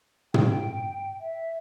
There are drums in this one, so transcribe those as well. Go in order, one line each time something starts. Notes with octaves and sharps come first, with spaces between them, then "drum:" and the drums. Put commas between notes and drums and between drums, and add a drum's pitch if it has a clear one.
G5, drum: tom
E5